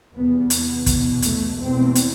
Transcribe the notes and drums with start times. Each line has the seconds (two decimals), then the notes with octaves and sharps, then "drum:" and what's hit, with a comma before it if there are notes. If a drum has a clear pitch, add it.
0.13 E2 C3 B3
0.50 B3, drum: hi-hat
0.86 E2 B2, drum: kick, hi-hat
1.22 A3, drum: hi-hat
1.59 E2 B2 C4
1.95 drum: hi-hat